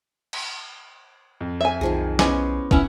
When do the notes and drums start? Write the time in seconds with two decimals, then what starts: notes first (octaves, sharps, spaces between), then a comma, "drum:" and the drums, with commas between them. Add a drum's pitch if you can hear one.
0.33 drum: cymbal
1.41 F2
1.61 E5 G#5
1.81 B1 D#3 F3 G#4
2.19 B3 C#4 E4 C5 D#5 G#5 D6, drum: snare
2.71 F1 B3 C#4 E4 F#5 C#6, drum: kick